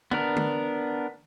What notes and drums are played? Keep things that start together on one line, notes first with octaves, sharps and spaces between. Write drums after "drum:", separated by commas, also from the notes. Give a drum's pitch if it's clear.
B3 D4 A#4, drum: tom
drum: tom